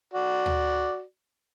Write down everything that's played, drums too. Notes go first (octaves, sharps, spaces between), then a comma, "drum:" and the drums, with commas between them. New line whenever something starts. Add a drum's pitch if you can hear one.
F#4 D5
drum: tom D2